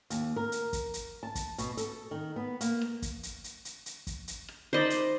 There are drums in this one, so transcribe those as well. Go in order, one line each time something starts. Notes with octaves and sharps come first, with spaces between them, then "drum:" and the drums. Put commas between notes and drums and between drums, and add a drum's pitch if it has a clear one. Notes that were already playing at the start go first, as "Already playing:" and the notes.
D#2, drum: hi-hat
A#4
drum: hi-hat
drum: kick, hi-hat
drum: hi-hat
A5
drum: kick, hi-hat
B2, drum: hi-hat
A4, drum: hi-hat
D#3
B3
A#3, drum: hi-hat
drum: rim click
drum: kick, hi-hat
drum: hi-hat
drum: hi-hat
drum: hi-hat
drum: hi-hat
drum: kick, hi-hat
drum: hi-hat
drum: rim click
D#4 C5 D5 D#5 B5
drum: hi-hat